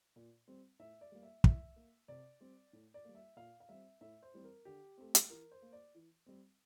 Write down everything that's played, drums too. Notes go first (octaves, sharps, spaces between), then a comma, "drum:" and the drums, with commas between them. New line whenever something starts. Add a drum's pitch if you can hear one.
A#2
G3 C4
A2 E5
D5
G3 A#3
E5
E3 E5, drum: kick
A#3
C3 D5
G3 C4
A2
D5
G3 A#3
E5
A#2 F5
F5
G3 C4 E5
A2 E5
C5
E3 G3 C4
A#4
D3 G4
A3 C4
drum: hi-hat
E3 A#4
C5
A#3
D5
E3
G3 C4